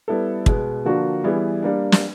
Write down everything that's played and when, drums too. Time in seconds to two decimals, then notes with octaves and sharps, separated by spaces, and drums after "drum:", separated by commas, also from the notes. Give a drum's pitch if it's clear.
0.08 G3 B3 E4 A4
0.46 B2 G#3 B3, drum: kick
0.85 D3 F3 A#3 D4 F#4
1.24 E3 G3 B3 E4 G#4
1.62 G3 A#3 D4
1.92 drum: snare